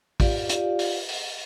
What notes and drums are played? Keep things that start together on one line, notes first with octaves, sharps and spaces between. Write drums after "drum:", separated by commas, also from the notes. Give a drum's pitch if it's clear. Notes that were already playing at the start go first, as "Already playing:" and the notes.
F4 G4 D5 F5, drum: kick, open hi-hat
drum: hi-hat
drum: open hi-hat
drum: open hi-hat